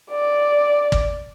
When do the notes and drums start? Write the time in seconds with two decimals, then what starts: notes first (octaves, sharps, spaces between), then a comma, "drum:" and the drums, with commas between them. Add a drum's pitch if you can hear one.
0.11 D5
0.92 drum: kick